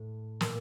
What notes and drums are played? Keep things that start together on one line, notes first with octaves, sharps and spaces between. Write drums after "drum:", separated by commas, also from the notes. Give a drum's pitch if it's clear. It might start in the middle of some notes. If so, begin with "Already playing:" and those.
Already playing: A2
A#2, drum: snare